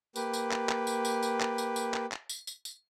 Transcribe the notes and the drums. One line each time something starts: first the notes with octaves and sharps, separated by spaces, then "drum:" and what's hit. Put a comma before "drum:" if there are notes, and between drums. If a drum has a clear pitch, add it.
A#3 G4 B4, drum: tambourine
drum: tambourine
drum: clap
drum: clap
drum: tambourine
drum: tambourine
drum: tambourine
drum: clap
drum: tambourine
drum: tambourine
drum: clap
drum: clap
drum: tambourine
drum: tambourine
drum: tambourine